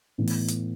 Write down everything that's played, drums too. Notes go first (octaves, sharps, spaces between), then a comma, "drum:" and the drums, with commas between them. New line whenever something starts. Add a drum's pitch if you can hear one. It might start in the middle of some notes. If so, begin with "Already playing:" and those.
A2 E3 B3
drum: open hi-hat
drum: hi-hat